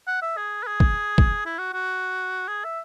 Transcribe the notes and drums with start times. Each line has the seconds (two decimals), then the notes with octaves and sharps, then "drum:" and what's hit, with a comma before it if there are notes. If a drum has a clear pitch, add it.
0.08 F#5
0.22 E5
0.37 G#4
0.63 B4
0.67 G#4
0.80 drum: kick
1.18 drum: kick
1.46 E4
1.58 F#4
1.73 F#4
2.48 G#4
2.64 E5